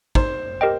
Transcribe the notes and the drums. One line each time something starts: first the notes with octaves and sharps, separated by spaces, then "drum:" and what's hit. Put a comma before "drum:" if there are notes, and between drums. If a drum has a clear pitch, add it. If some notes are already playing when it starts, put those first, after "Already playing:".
D#4 C5, drum: kick
G4 A#4 D#5 G5